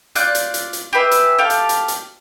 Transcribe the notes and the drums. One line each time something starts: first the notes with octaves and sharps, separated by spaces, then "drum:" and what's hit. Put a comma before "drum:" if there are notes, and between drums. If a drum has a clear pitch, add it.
F4 D5 F#6 G6, drum: hi-hat
drum: hi-hat
drum: hi-hat
drum: hi-hat
G4 G#4 B4 E5
drum: hi-hat
G4 A4 F5
drum: hi-hat
drum: hi-hat
drum: hi-hat